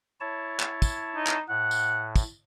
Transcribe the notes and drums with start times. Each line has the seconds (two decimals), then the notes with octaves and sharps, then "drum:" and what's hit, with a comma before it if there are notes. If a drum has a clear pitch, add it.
0.20 E4 C#5 A5
0.60 drum: clap
0.82 drum: kick, tambourine
1.16 D#4
1.27 drum: clap
1.49 A2 F#5
1.71 drum: tambourine
2.16 drum: kick, tambourine